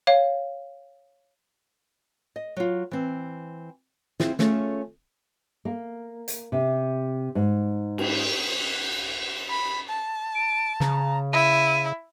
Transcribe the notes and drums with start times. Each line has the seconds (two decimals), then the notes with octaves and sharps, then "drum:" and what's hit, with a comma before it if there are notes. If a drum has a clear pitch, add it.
0.07 C#5 F5
2.36 D#5
2.57 F#3 F4
2.91 E3 C4
4.20 C4 E4 F4 G#4, drum: snare
4.39 A3 C#4 F4 G#4 A4 C#5, drum: snare
5.65 A#3
6.28 drum: hi-hat
6.52 C3
7.35 G#2
7.98 drum: cymbal
9.50 B5
9.89 A5
10.35 D7
10.80 C#3 A#5, drum: snare
11.33 E4 D#7